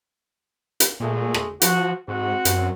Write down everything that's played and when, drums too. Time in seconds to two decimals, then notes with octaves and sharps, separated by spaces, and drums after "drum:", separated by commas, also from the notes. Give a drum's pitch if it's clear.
0.80 drum: hi-hat
1.00 A#2 G#3 A3
1.34 drum: rim click
1.62 F3 F#4, drum: hi-hat
2.08 G#2 C4 F#4
2.45 F#2, drum: hi-hat